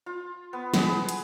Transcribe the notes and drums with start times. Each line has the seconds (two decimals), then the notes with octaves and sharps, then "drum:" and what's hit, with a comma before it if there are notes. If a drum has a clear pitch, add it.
0.06 F4
0.53 B3
0.74 B3 G#4 B4, drum: snare
1.09 drum: hi-hat